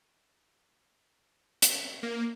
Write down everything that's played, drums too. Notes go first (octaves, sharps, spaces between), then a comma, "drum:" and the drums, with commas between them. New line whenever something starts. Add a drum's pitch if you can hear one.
drum: hi-hat
A#3